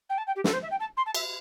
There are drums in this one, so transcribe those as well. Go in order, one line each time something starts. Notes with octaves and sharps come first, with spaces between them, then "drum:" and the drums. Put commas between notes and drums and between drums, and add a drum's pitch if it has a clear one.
G5
A5
G5
G4
A4, drum: snare
C5
E5
G5
A5
C6
A5
E5, drum: cymbal